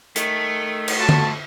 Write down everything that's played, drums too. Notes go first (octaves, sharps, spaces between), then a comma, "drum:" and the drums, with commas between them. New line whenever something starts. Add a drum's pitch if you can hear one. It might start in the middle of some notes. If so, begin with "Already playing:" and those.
D#3 A3, drum: hi-hat
drum: cymbal
F2 F#4 A5
drum: tom D3